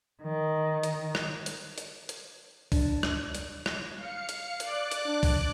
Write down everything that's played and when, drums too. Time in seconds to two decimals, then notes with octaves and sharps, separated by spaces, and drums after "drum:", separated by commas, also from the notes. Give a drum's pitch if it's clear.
0.23 D#3
0.83 drum: hi-hat
1.15 drum: rim click
1.46 drum: hi-hat
1.78 drum: hi-hat
2.09 drum: hi-hat
2.72 D4, drum: kick C2, open hi-hat
3.03 drum: rim click
3.35 drum: hi-hat
3.66 drum: rim click
3.96 F5 C#7
4.29 drum: hi-hat
4.60 D5 D6 F#6, drum: hi-hat
4.91 drum: hi-hat
5.06 D4
5.23 drum: kick C2, open hi-hat